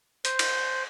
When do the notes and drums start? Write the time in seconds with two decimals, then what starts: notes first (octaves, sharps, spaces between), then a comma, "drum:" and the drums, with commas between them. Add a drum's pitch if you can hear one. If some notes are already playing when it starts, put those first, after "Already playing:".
0.25 C5, drum: hi-hat
0.39 drum: cymbal